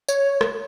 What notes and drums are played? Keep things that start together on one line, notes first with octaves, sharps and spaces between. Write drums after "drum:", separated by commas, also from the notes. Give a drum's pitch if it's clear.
C#5, drum: tambourine
drum: rim click